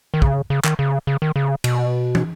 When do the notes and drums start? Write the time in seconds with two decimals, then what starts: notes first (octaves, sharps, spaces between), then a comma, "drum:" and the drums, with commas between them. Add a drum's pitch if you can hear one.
0.14 D#3
0.22 C#3, drum: kick
0.50 C#3
0.64 D#3, drum: clap
0.79 C#3
1.07 C#3
1.22 D#3
1.36 C#3
1.64 B2, drum: cymbal
2.15 drum: tom